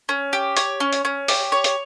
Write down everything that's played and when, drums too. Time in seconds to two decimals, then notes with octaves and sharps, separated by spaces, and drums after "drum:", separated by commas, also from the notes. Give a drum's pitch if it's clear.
0.09 C#4
0.33 G4
0.57 C#5, drum: hi-hat
0.80 C#4
0.93 drum: hi-hat
1.05 C#4
1.28 G4, drum: open hi-hat
1.52 C#5
1.64 drum: hi-hat